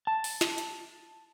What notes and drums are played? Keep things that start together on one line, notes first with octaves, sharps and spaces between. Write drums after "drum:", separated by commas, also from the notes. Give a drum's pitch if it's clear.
A5
drum: open hi-hat
drum: snare
drum: hi-hat